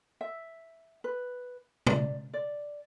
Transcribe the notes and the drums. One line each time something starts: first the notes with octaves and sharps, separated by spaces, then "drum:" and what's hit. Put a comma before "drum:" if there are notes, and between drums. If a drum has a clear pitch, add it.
E5
B4
D5, drum: tom B2
D5